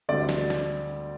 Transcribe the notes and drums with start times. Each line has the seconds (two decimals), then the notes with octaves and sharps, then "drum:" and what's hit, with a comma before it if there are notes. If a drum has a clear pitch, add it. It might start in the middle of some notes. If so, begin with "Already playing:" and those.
0.09 D2 D3 G3 C4 D5
0.29 drum: snare
0.50 drum: snare